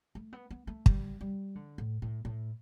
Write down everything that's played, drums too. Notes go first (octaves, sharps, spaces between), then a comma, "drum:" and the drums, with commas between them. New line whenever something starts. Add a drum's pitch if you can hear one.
A3
B3
B3
A3
G3, drum: kick
G3
D3
A2
A2
A2